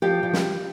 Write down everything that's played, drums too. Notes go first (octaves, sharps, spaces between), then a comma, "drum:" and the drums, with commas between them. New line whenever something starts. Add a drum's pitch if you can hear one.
F3 G4
F3
drum: snare